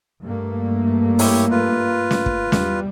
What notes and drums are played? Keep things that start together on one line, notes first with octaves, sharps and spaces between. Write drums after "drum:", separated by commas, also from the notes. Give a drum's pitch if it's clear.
G2 A3 A#3
E4 G4 C#5, drum: open hi-hat
F4 B4
drum: snare
drum: kick
E2 G3, drum: snare